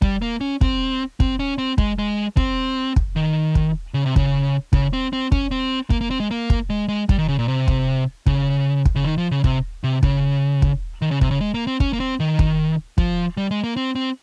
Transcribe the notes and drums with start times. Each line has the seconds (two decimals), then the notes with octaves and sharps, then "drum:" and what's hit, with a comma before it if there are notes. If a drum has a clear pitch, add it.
0.02 G3, drum: kick
0.22 A#3
0.41 C#4
0.61 C4, drum: kick
1.20 C4, drum: kick
1.39 C#4
1.58 C4
1.78 G#3, drum: kick
1.99 G#3
2.37 C4, drum: kick
2.96 drum: kick
3.16 D#3
3.55 drum: kick
3.94 C#3
4.06 C3
4.16 C#3, drum: kick
4.73 C#3, drum: kick
4.93 C4
5.13 C4
5.32 C#4, drum: kick
5.51 C4
5.90 A#3, drum: kick
6.01 A#3
6.11 C4
6.20 G#3
6.31 A#3
6.50 drum: kick
6.70 G#3
6.88 G#3
7.09 G3, drum: kick
7.18 D#3
7.28 C#3
7.39 A#2
7.48 C3
7.68 drum: kick
8.26 C#3, drum: kick
8.85 drum: kick
8.96 C#3
9.04 D#3
9.18 F3
9.31 C#3
9.44 C3, drum: kick
9.84 C3
10.03 C#3, drum: kick
10.62 drum: kick
11.02 D#3
11.11 C#3
11.21 C3, drum: kick
11.31 C#3
11.41 G#3
11.54 A#3
11.67 C4
11.80 C#4, drum: kick
11.93 A#3
12.00 C4
12.20 D#3
12.39 drum: kick
12.98 F3, drum: kick
13.37 G3
13.51 G#3
13.64 A#3
13.76 C4
13.95 C4